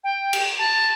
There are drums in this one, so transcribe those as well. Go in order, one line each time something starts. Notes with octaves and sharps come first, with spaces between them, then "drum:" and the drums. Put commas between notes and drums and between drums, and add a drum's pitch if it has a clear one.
G5
drum: cymbal
A5